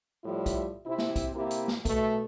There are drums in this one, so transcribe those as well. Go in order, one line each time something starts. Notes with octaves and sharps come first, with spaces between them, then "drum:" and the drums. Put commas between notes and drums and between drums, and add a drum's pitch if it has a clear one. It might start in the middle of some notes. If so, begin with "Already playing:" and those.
A2 F3 G3 E4
drum: kick B1, hi-hat
C3 C4 E4
drum: snare
drum: kick B1, hi-hat
C3 A#3 E4 G4
drum: hi-hat
drum: snare
B2 A3, drum: kick B1, hi-hat